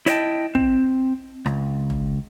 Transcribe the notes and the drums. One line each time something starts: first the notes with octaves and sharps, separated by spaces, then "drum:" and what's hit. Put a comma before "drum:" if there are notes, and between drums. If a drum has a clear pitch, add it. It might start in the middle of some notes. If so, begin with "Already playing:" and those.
E4 C#5 D#5 G5 A5, drum: hi-hat
C4, drum: kick
C#2, drum: rim click
drum: tom